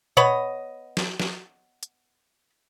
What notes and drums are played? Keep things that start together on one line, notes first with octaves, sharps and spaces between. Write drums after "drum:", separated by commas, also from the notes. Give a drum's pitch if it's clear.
B3 B4 C#5 D#5, drum: tom A#2
drum: snare
drum: snare
drum: hi-hat